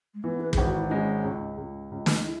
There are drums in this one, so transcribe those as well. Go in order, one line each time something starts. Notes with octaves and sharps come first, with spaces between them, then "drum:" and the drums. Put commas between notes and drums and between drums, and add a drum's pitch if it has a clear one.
G#3
E3 B3
B4
G#1 G#4, drum: kick
F#4
E4
G#3 C#4
C#2
C#2
C#2
drum: snare
E4